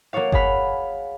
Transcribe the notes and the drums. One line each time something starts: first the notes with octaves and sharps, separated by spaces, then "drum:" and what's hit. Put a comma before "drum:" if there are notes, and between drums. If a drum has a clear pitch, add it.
A#3 F#4 A4 C#5 F5
G#4 F5 F#5 G#5 B5 F6, drum: kick G1